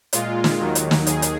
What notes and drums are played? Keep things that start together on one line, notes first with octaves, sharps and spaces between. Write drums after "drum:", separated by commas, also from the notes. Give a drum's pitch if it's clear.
A#2 G#3 F4, drum: hi-hat
drum: snare
D#2 D#3 F#3
drum: hi-hat
drum: snare
D#2 D#3 G#4, drum: hi-hat
drum: hi-hat